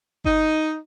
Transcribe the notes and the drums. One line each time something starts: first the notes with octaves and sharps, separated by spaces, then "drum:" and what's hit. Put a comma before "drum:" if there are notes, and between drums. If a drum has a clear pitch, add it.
D#4, drum: kick G1